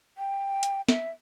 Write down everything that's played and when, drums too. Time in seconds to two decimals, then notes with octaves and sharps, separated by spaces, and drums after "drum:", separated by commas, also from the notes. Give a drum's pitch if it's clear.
0.18 G5
0.63 drum: hi-hat
0.89 E5, drum: snare